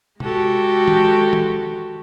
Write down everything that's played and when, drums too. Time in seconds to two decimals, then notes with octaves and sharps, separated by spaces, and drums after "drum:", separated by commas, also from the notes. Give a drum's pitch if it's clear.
0.20 G#3 F#4 G4 A4, drum: tom C3
0.88 drum: tom D#3
1.33 drum: tom D#3